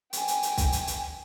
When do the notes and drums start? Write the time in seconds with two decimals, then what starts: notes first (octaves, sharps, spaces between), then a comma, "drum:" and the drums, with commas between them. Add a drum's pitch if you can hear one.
0.13 G5 G#5, drum: hi-hat
0.28 drum: hi-hat
0.43 drum: hi-hat
0.57 drum: kick, hi-hat
0.72 drum: hi-hat
0.87 drum: hi-hat